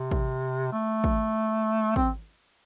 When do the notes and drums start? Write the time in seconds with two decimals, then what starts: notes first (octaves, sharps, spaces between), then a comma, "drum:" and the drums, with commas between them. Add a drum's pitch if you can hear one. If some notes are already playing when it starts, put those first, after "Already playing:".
Already playing: C3
0.11 drum: kick
0.72 A3
1.04 drum: kick
1.96 C4, drum: kick